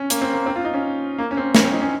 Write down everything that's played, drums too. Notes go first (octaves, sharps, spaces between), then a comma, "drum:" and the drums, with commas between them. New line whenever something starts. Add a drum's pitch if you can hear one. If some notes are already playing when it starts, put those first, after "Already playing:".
Already playing: C#4
A#3, drum: hi-hat
C4
A#3
C4
F4
D#4
C#4
A#3
C#4
C4
C#4, drum: snare
C4
D#4
C#4